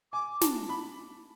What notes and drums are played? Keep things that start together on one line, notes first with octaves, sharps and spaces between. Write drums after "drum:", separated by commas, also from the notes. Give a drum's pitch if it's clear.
G#5 D6
A5, drum: snare
B5